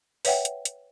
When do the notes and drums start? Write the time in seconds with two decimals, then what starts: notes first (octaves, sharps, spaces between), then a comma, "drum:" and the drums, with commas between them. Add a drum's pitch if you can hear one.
0.25 B4 C#5 E5 F#5 G5, drum: open hi-hat
0.45 drum: hi-hat
0.65 drum: hi-hat